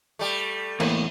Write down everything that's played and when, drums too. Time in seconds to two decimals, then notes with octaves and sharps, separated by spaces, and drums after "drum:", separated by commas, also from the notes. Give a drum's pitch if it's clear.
0.19 G3 A3
0.80 E2 A2 A#3, drum: cymbal